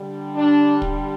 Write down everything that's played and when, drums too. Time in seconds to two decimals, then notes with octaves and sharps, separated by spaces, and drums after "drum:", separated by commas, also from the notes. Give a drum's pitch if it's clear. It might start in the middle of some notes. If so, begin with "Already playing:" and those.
Already playing: D3 G3
0.35 D4
0.82 drum: kick